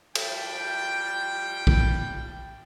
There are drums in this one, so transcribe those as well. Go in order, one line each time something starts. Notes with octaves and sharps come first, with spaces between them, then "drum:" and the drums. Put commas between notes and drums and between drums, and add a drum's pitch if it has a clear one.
F3 G3 G5, drum: cymbal
drum: kick A#1